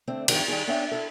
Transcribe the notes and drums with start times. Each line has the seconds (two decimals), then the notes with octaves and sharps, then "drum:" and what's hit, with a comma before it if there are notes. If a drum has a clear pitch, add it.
0.07 D3 A3 C4 D4
0.28 E2 G2 D#3 F3 D4 F#4, drum: cymbal
0.48 D#3 G3 D#4 G#4
0.67 B3 C#4 D4 C#5 E5 G5
0.91 E4 A4